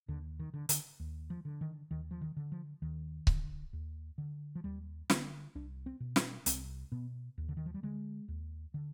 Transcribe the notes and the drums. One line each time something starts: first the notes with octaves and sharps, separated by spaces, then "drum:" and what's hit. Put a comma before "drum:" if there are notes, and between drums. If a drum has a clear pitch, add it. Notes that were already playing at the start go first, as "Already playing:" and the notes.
D#2 D3
D#3
D3
D3, drum: hi-hat
D#2
F3
D3
D#3
D#2 D#3
F3
D#3
D3
F3
D#2 D#3
D3, drum: kick C#1
D#2
D3
F3
D#2 G3
D3 B3, drum: snare
C2 D4
C4
B2
C4, drum: snare
C2 C4, drum: hi-hat
B2 B3
D#2
D3
D#3
F3
G3
D3 G#3
D#2
D3